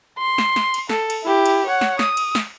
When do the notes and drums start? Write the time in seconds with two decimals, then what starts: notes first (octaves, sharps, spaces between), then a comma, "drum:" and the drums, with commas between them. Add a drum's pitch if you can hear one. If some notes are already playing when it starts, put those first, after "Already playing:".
0.18 C6
0.38 drum: snare
0.56 drum: snare
0.74 drum: cymbal
0.90 A4, drum: snare
1.10 drum: cymbal
1.24 E4 G4
1.46 drum: cymbal
1.66 C#5 F#5
1.81 drum: snare
1.99 D#6, drum: snare
2.17 drum: cymbal
2.35 drum: snare